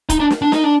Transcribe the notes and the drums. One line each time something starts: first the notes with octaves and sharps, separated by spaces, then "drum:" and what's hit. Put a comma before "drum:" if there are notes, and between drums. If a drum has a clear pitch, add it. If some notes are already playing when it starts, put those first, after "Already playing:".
D#4, drum: kick, hi-hat
D4
drum: snare
D4
D#4, drum: snare
D4